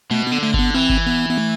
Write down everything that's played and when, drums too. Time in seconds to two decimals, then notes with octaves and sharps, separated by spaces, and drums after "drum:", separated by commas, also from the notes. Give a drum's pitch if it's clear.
0.11 B2 A3
0.27 D3 B3
0.43 A3
0.54 D3, drum: kick G1
0.59 B3
0.74 E3 C4
0.89 drum: kick G1
1.07 B3
1.30 B3
1.38 A3